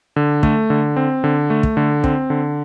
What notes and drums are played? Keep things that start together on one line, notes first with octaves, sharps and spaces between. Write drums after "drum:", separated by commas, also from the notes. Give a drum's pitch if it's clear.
D3
A3, drum: kick
D3
C4
D3
A3
drum: kick
D3
C4, drum: kick
D3